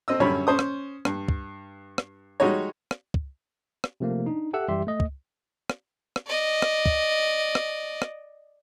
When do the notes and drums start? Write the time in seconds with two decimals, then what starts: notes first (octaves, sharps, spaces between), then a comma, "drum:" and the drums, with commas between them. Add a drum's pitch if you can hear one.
0.08 C4 D#5 E6
0.20 F#2 D3 G3 C#4 C#5 B5
0.47 C#4 C5 D#6
0.59 drum: rim click
1.05 G2, drum: rim click
1.28 drum: kick
1.98 drum: rim click
2.40 G3 G#3 D#4 F#4 C#5
2.91 drum: rim click
3.14 drum: kick
3.84 drum: rim click
4.00 C3 F3 A3 A#3
4.26 D4 D#4
4.53 G4 A4 E5 F#5 E6 F#6
4.69 F#2 E3 G3 G4 E5 C6
4.87 A3 D#5
5.00 drum: kick
5.70 drum: rim click
6.16 drum: rim click
6.27 D5 D#5
6.62 drum: rim click
6.86 drum: kick
7.55 drum: rim click
8.02 drum: rim click